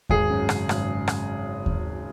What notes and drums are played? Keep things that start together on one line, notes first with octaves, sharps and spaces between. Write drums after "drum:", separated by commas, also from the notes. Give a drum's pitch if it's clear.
G#1 G#4, drum: kick D#2
F#2
C#3, drum: rim click
G#1, drum: rim click
drum: rim click
drum: kick D#2